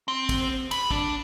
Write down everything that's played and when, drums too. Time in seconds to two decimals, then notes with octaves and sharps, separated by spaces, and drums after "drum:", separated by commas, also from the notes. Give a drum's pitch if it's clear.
0.08 C4
0.29 drum: kick, cymbal
0.71 B5, drum: cymbal
0.91 D4, drum: kick